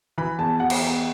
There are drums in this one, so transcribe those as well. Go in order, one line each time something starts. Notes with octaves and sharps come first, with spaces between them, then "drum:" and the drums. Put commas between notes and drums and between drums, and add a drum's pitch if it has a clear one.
E3 B5
E2 A5
E2 F#5
drum: cymbal
E2